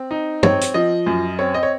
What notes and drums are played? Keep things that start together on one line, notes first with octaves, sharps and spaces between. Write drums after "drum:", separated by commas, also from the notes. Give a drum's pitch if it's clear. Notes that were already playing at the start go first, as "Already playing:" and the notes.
Already playing: C4
D#4
C4 C#5, drum: tom
drum: hi-hat
F3 D#5
F#2
C4 C#5
D#5
C#5